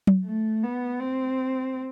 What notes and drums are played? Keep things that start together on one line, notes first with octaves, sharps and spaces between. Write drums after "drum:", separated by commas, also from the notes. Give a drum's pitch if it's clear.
drum: tom F#3
A3
B3
C4